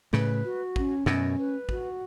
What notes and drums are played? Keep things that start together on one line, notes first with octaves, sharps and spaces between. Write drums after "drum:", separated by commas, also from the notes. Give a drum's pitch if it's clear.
A2 C#3 B4, drum: snare
F#4
C#4, drum: kick
F#2 B2 C#4, drum: snare
B4
F#4, drum: kick